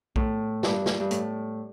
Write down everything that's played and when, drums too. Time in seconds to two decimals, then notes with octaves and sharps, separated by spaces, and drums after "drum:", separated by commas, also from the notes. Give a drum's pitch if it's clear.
0.16 A2, drum: kick
0.63 G2, drum: snare
0.86 drum: snare
1.00 G2
1.11 A2, drum: hi-hat